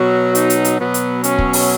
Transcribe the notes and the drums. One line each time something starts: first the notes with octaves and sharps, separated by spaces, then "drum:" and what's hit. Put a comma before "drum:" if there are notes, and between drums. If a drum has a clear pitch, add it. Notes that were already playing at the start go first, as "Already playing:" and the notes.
Already playing: B2 F#3 F#4
D#4, drum: hi-hat
drum: hi-hat
drum: hi-hat
B2 F#3 B3
drum: hi-hat
C#4, drum: hi-hat
drum: kick
drum: open hi-hat